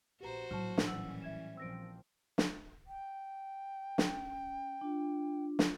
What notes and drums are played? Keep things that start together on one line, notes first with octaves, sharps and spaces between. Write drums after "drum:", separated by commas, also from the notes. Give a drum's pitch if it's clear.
A#1 F#4 G4 B4 C5 A#5
A#1 A2 F#3 A5 C#6 F6
drum: snare
E3 G3 C#4 F#5 E6 F#7
E5 G#6 E7
A#1 F3 C4 E6 A#6 D7
drum: snare
G5
C#4, drum: snare
D4 F4
drum: snare